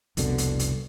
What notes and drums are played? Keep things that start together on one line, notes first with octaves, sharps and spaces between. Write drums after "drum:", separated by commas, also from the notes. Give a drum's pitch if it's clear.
F1 C2 B2 D3, drum: hi-hat
drum: hi-hat
drum: hi-hat